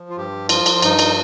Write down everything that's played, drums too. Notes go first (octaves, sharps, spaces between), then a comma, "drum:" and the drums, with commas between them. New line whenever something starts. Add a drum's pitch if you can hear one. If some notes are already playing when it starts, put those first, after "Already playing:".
Already playing: F3
F4
G2 G4
F3 F4, drum: cymbal
drum: cymbal
F4
G2 D#4, drum: cymbal
drum: cymbal